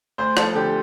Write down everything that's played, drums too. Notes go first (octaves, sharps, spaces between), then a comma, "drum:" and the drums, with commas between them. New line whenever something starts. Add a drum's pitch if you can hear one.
D2 C5
F3 A4, drum: rim click
D3 G4